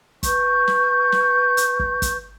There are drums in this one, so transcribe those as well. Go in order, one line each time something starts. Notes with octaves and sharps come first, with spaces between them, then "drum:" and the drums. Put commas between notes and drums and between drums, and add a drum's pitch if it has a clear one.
B4 C#6 G6, drum: kick, hi-hat
drum: snare
drum: snare
drum: hi-hat
drum: kick
drum: kick, hi-hat